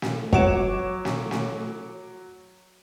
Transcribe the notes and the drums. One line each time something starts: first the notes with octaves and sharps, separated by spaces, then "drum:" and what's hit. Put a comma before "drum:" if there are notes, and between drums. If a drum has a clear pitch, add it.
drum: snare
F#3 C#5 F#5 D6 E7, drum: kick
drum: snare
drum: snare